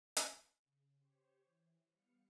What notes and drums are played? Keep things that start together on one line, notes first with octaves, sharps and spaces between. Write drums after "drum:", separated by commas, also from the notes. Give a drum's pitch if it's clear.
drum: hi-hat
C#3
G4 C5 C#5
E3
G3 B3 F5 C#7